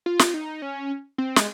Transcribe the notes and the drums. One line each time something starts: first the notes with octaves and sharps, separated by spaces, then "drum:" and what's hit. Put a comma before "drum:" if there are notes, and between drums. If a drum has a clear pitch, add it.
F4
drum: snare
D#4
C#4
C4
G#3, drum: snare